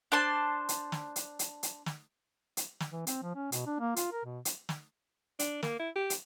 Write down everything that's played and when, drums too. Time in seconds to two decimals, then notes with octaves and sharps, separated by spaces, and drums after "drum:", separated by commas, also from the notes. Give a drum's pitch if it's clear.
0.12 D4 C5 A5 C6
0.69 drum: hi-hat
0.92 drum: snare
1.16 drum: hi-hat
1.39 drum: hi-hat
1.63 drum: hi-hat
1.86 drum: snare
2.57 drum: hi-hat
2.80 drum: snare
2.90 E3
3.07 C4, drum: hi-hat
3.22 F3
3.35 C#4
3.52 B2, drum: hi-hat
3.66 D4
3.80 A#3
3.96 F4, drum: hi-hat
4.12 A#4
4.25 B2
4.45 drum: hi-hat
4.69 drum: snare
5.39 D4, drum: hi-hat
5.63 A#3, drum: snare
5.80 E4
5.96 G4
6.10 drum: hi-hat